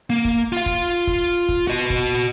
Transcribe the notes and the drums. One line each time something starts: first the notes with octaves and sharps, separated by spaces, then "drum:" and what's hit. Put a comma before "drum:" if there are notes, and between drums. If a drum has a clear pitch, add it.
A#3
drum: kick
F4 F5
drum: kick
drum: kick
drum: kick
F#4 D#5
drum: kick